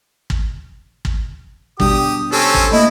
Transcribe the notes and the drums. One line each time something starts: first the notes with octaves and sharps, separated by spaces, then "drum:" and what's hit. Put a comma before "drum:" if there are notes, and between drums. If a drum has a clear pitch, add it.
drum: kick
drum: kick
B2 G3 D4 G4 D#6, drum: kick
C4 C#4 G4 A4
drum: kick
A3 A#3 E4 D#5